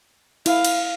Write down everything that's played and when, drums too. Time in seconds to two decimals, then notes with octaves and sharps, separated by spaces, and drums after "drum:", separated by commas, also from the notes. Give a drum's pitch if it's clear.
0.46 E4 F5, drum: cymbal
0.65 drum: cymbal